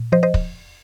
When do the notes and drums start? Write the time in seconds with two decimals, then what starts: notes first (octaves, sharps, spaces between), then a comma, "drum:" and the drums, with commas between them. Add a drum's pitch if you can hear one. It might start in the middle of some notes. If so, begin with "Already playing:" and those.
Already playing: A#2
0.12 F3 C5 D#5
0.23 C5 D#5
0.34 drum: kick